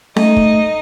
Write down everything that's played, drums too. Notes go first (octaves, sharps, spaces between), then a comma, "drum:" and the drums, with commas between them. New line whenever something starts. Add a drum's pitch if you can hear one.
A3 D#4 D#5, drum: snare C#4
drum: kick